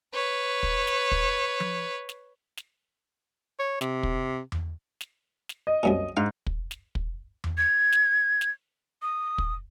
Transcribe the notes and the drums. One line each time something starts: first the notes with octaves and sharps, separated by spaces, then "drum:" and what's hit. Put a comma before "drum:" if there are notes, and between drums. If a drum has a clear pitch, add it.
B4 C#5
drum: kick
drum: snare
drum: kick
drum: tom F3
drum: snare
drum: snare
C#5
C3, drum: snare
drum: kick
drum: tom E2
drum: snare
drum: snare
D#5
C2 F#2 A#2
G#2 F5
drum: kick
drum: snare
drum: kick
drum: tom E2
G#6
drum: snare
drum: snare
D#6
drum: kick